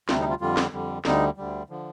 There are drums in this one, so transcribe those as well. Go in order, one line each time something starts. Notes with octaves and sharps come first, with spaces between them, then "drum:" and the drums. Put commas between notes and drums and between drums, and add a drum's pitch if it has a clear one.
D2 C3 G3 F4, drum: snare
D#4
F4
F2 D3 G3 F4
drum: snare
F2 D3 G3
D2 D3 G3 D#4, drum: snare
D2 D3 G3
D3 F3